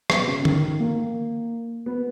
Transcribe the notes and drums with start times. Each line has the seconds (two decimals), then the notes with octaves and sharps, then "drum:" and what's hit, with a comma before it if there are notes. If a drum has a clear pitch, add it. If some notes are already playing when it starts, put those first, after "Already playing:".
0.10 B2, drum: rim click
0.27 C#3
0.45 D#3, drum: tom D3
0.80 A#3
1.86 B3